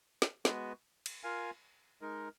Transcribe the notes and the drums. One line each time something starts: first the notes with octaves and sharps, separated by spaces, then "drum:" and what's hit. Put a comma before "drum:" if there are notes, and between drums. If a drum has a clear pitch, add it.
drum: snare
G#3 B3 F#4 B4, drum: snare
drum: cymbal
F4 A#4 F5 G#5
G#3 D#4 A#4